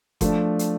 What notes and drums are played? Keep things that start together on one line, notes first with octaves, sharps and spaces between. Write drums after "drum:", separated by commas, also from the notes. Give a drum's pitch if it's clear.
F3 A3 D4, drum: kick F#1, hi-hat
drum: hi-hat